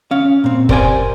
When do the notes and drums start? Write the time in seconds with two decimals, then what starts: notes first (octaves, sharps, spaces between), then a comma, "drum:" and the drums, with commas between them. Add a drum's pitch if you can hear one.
0.11 C#4 F5
0.44 A#2 C4
0.69 G4 A#4 C5 D5 G5 G#5, drum: kick